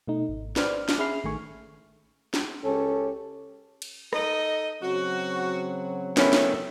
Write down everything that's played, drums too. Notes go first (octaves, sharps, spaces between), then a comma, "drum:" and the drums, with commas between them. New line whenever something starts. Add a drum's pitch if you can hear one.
B2 A3 D#4
G#1
B4 C5 D5 F6, drum: snare
drum: snare
C#4 G#4 E5 B5 F6 C7
A1 D#3 A3 G#5 C#6
drum: snare
C#2 C#4 G4 A4
drum: cymbal
D#4 A4 D#5, drum: rim click
C#3 F#3 C4 F#4
D#3 A3 B3 C#4 E4, drum: snare
drum: snare